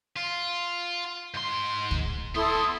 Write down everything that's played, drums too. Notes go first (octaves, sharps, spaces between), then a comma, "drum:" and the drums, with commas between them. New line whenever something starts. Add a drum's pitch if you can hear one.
F4
G#2 C6
drum: kick
B3 E4 A4 C6 D#6